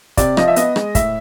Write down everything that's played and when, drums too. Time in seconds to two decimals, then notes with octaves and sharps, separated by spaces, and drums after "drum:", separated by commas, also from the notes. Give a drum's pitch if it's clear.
0.17 C3 D5, drum: kick, hi-hat
0.37 F3 D#5, drum: rim click
0.48 E5
0.56 B3 D#5, drum: hi-hat
0.76 G#3, drum: rim click
0.95 A2 E5, drum: kick, hi-hat